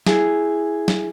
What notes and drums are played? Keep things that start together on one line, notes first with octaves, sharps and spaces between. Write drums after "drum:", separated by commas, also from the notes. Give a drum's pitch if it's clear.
E4 G#4, drum: snare
drum: snare